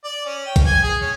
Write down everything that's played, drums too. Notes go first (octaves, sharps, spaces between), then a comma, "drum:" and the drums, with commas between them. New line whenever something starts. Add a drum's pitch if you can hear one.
D5
C#4
G5
drum: kick A#1, hi-hat
G#5
G#4
C#4